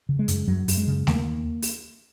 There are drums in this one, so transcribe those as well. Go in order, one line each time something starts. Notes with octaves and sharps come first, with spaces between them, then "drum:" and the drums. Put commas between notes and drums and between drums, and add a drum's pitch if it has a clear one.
C#3
G#3
F#2, drum: hi-hat
F#2 F#3
F#2, drum: open hi-hat
G#3
C#3
D#2 A#3, drum: snare A3
drum: open hi-hat